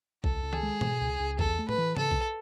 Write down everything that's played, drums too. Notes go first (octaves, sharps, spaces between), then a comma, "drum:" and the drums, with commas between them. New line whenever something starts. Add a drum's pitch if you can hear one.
C#2 A4, drum: kick B1
C#2
G#4, drum: tom D#3
G#3
B2, drum: tom G#2
C#2
C#2
E2 A4, drum: kick B1
A3
B4, drum: tom A2
E3
C#3 A4, drum: tom G#2
drum: kick B1